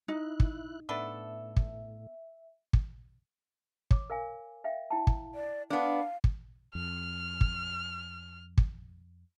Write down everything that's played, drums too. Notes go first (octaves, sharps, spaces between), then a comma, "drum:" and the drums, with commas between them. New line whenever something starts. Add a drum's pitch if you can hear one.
D#4 E4 F#6
drum: kick
A2 B3 D4 A4 E5
drum: kick
drum: kick
C#5 D6, drum: kick
A#4 F5 G#5
E5 F5 G5
E4 G5 A5
drum: kick
D5
B3 D4 F5
drum: kick
F2 F6
drum: kick
drum: kick